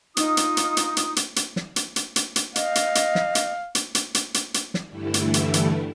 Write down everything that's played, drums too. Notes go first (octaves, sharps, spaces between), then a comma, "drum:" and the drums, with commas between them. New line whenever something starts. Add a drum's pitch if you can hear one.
D#4 F4 D#6, drum: hi-hat
drum: hi-hat
drum: hi-hat
drum: hi-hat
drum: hi-hat
drum: hi-hat
drum: hi-hat
drum: snare
drum: hi-hat
drum: hi-hat
drum: hi-hat
drum: hi-hat
D#5 F5, drum: hi-hat
drum: hi-hat
drum: hi-hat
drum: snare
drum: hi-hat
drum: hi-hat
drum: hi-hat
drum: hi-hat
drum: hi-hat
drum: hi-hat
drum: snare
G2 D3 E3 G3 A3 E4
drum: hi-hat
drum: hi-hat
drum: hi-hat